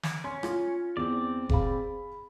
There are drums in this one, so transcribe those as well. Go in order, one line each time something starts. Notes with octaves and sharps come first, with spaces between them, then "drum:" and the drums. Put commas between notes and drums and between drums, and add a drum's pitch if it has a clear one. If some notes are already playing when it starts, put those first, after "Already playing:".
drum: snare
C#4 C6
F4, drum: rim click
E2 C4 D5
G#4 F5 B5, drum: kick F1